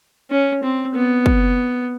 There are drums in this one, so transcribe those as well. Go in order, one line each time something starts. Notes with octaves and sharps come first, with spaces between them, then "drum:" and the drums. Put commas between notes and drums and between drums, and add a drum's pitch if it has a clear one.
C#4
C4
B3
drum: kick